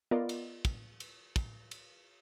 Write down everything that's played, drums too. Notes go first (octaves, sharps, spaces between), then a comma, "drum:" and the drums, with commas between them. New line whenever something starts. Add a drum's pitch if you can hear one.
B3 F4 A#4 D5 D#5
drum: cymbal
drum: kick, cymbal
drum: cymbal
drum: kick, cymbal
drum: cymbal